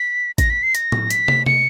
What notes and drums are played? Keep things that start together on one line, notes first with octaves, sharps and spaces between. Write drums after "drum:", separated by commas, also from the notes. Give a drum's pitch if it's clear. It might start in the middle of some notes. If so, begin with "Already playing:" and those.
Already playing: B6
A#6, drum: kick, hi-hat
B6
C7
A#6, drum: hi-hat
drum: tom A2
B6, drum: hi-hat
drum: tom
C#7, drum: tom